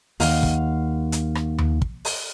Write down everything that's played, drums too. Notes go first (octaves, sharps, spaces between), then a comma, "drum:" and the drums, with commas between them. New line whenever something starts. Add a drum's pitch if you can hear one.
D#2 F5 F#5, drum: open hi-hat
drum: kick
drum: hi-hat
drum: rim click
drum: tom D#2
drum: kick
drum: open hi-hat